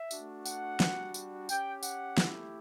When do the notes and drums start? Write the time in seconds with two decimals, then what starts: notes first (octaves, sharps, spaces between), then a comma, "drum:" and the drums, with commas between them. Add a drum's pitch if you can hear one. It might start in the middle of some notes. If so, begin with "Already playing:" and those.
Already playing: E5
0.11 A3 D4 F#4, drum: tambourine
0.46 F#5, drum: tambourine
0.80 G3 D4 F#4, drum: snare
1.14 drum: tambourine
1.49 C#4 G4 G5, drum: tambourine
1.83 F#5, drum: tambourine
2.18 A3 E4 G4, drum: snare